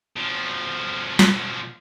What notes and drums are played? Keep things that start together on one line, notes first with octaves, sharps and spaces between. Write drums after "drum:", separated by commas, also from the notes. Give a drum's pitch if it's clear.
B2 F3
drum: snare